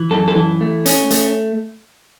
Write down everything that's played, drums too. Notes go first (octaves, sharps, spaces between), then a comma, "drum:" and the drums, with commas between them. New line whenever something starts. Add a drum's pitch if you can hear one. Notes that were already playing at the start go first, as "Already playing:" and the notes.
Already playing: E3
F#2 A4
A4
E3
A3
C#4, drum: hi-hat
A3, drum: hi-hat